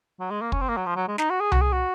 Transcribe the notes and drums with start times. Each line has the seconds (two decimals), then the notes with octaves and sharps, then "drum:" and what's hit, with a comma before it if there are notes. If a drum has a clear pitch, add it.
0.20 F#3
0.31 G#3
0.41 A#3
0.52 C#4, drum: kick
0.60 C4
0.69 A#3
0.77 F#3
0.86 F3
0.96 F#3
1.08 G#3
1.18 D#4, drum: snare
1.30 F#4
1.41 G#4
1.52 F#4, drum: tom C2
1.62 G#4
1.73 F#4